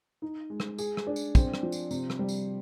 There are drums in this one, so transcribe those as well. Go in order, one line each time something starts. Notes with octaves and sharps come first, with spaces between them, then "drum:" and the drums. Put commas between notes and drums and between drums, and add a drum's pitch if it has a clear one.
D#4
G#3
drum: rim click
G#4, drum: tambourine
drum: rim click
D4
drum: tambourine
C4, drum: kick, tambourine
drum: rim click
F3
drum: tambourine
C3, drum: tambourine
drum: rim click
G3
drum: tambourine